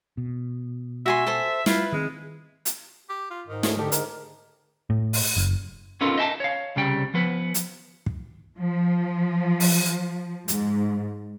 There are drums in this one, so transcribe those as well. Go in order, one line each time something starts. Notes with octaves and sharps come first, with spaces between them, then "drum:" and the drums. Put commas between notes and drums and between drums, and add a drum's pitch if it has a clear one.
B2
F#4 E5 G#5 C6
A4 C5
G3 E4 F4 B4, drum: snare
D#3 G#3 B3 C4
drum: hi-hat
G4
F4
G#2 D#3
D2 A2 A3 G#4, drum: snare
D3 D4 G4 A4
G#2 A#4, drum: hi-hat
A2
drum: open hi-hat
F#1
B3 C#4 D#4 F4 A4 A#4
D#5 E5 G#5 A5
C#5 F5
C2 C#3 G3 G5
F3 B3 B4
drum: hi-hat
drum: kick
F3
drum: open hi-hat
G#2, drum: hi-hat